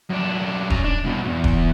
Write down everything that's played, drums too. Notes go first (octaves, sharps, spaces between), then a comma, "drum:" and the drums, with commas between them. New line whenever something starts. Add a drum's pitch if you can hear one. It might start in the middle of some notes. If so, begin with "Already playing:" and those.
F#2 D4
C#4 A#5, drum: kick D#1
D4
C2 B2
E2 G#2
drum: kick D#1